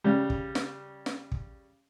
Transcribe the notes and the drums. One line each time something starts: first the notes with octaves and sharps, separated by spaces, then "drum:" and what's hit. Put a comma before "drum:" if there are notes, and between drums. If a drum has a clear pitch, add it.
C#3 G3
drum: kick
drum: snare
drum: snare
drum: kick